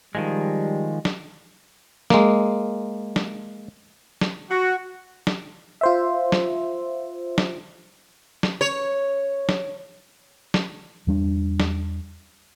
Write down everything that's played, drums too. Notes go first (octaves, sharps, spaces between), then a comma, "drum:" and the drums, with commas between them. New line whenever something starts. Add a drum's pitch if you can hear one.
D#3 F3 G3 G#3
drum: snare
G#3 A#3, drum: snare
drum: snare
drum: snare
F#4
drum: snare
F4 C5 E5
drum: snare
drum: snare
drum: snare
C#5
drum: snare
drum: snare
E2 G3 D4
drum: snare